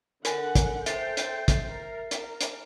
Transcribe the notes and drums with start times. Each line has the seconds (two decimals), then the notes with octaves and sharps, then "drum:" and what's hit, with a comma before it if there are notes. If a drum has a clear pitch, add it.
0.25 D3 A#4 F#5 G#5, drum: hi-hat
0.55 drum: kick, hi-hat
0.86 A4 C5 E5 G5 A6 C7, drum: hi-hat
1.17 drum: hi-hat
1.48 drum: kick, hi-hat
1.68 A#4
2.11 A#4, drum: hi-hat
2.41 drum: hi-hat